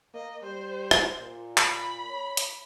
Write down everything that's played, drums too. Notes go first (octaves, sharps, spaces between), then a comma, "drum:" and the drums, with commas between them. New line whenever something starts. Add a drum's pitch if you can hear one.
A#3 D#5
G3 C5
drum: rim click
A#2
B5, drum: clap
C#5
drum: hi-hat